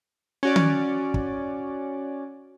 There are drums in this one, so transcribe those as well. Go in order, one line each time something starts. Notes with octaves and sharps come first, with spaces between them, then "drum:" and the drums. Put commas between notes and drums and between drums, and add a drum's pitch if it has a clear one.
C#4 F#4 D5
drum: tom D#3
drum: kick